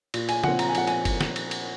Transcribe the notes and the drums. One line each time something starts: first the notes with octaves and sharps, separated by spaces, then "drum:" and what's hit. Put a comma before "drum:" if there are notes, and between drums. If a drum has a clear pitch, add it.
A#2, drum: cymbal
G#5, drum: cymbal
F3 C4 F#5, drum: tom C#3
A#5, drum: cymbal
G#5
A#2 F#5, drum: cymbal
G#5, drum: cymbal
drum: kick, cymbal
drum: snare
drum: cymbal
drum: cymbal